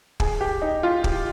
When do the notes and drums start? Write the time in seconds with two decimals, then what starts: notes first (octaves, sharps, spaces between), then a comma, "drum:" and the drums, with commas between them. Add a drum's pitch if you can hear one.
0.20 G#4, drum: kick
0.41 G4
0.62 D#4
0.83 F4
1.04 G4, drum: kick